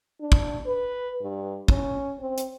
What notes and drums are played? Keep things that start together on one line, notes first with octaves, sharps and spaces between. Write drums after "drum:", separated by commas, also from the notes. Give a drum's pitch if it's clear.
D4
drum: kick
B4
G2
C#4, drum: kick
C4
drum: hi-hat